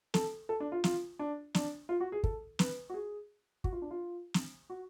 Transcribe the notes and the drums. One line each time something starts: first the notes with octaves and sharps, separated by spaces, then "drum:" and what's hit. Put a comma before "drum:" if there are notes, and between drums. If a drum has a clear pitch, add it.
A4, drum: snare
A4
D4
F4
F4, drum: snare
D4
D4, drum: snare
F4
F#4
G#4
A4, drum: kick
B4, drum: snare
F#4
G#4
F#4, drum: kick
F4
D4
F4
drum: snare
F#4